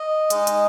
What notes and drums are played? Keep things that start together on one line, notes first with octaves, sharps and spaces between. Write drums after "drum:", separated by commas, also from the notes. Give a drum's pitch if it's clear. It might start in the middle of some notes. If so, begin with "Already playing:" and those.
Already playing: D#5
G#3 D#4, drum: hi-hat
drum: hi-hat